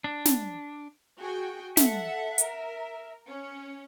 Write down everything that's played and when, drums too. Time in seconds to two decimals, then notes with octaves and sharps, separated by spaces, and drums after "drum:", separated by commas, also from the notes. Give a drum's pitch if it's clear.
0.04 D4
0.25 drum: snare
1.18 F#4 G#4 G5
1.77 A4 E5 F#5, drum: snare
2.38 A#4, drum: hi-hat
3.26 C#4